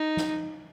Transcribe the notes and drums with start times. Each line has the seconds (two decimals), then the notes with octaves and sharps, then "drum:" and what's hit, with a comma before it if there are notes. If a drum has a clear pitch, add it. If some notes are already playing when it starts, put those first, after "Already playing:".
Already playing: D#4
0.17 drum: snare